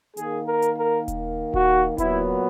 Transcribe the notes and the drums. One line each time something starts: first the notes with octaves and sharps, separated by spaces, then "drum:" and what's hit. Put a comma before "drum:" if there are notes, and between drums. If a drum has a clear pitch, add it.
D#3 A#3 G#4, drum: hi-hat
A#4
drum: hi-hat
A#4
drum: kick D#1, hi-hat
F#4, drum: kick D#1
A#2 F#3 B3 E4, drum: kick D#1, hi-hat